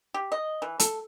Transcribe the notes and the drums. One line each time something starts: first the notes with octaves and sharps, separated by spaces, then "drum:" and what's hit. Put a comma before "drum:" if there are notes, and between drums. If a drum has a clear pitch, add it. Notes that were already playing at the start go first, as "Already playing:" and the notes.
G4
D#5
E3
A4, drum: hi-hat